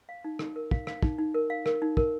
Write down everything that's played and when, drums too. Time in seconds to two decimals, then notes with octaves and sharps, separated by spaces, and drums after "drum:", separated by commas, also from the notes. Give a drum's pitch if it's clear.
0.09 F5
0.24 D#4
0.39 D#4, drum: rim click
0.56 A#4
0.71 F5, drum: kick
0.87 F5, drum: rim click
1.02 D#4, drum: kick
1.19 D#4
1.34 A#4
1.50 F5
1.66 A#4, drum: rim click
1.82 D#4
1.97 A#4, drum: kick